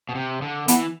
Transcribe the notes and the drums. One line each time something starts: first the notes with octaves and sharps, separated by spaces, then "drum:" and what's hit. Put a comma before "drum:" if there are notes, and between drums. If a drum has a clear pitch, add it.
B2
C3
D3
E3 B3, drum: hi-hat